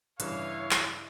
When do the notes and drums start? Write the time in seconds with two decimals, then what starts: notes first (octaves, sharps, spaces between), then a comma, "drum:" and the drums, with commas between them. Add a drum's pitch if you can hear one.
0.20 G2 C#3 E3 C#5 F5, drum: hi-hat
0.71 drum: clap